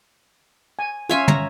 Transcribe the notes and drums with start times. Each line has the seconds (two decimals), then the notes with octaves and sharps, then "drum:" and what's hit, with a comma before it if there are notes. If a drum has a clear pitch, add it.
0.79 G#5
1.09 C#4 F4 C#5 E5 G#5
1.28 A#5, drum: tom